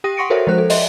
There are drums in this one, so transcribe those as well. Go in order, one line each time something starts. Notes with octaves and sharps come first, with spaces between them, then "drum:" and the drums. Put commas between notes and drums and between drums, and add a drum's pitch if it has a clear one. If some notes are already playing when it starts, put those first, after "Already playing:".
G4 G5 D#6 A#6 D#7
F#5 C6 C#6 A#6 C#7 D7
F#4 A4 A#4 C5 C#5 E5
F3 G#3 C5 F#6
A4
D#5 E5 C6, drum: open hi-hat